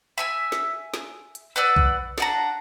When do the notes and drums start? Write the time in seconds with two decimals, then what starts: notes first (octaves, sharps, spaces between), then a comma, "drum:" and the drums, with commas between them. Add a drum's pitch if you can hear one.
0.18 E5 G#5 E6
0.52 drum: snare
0.94 drum: snare
1.35 drum: hi-hat
1.56 B4 D5 F#5 E6
1.76 drum: kick B1
2.18 D4 F#5 A#5, drum: snare